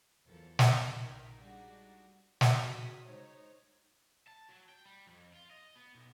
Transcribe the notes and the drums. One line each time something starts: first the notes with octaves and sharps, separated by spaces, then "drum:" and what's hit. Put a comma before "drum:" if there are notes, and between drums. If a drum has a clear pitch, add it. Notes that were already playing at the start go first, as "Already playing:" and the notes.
E2 F3 F#3 A4 A#4
drum: snare
B5
A#1 D#4 A#4 G5 B6
G3 G#3 D4 D#4 F#4
drum: snare
C#3 F#4 D#6 B6
G#3 D#4 C5 C#5
A5
F#3
G5
G3
F2
F4
D#5
B3
B1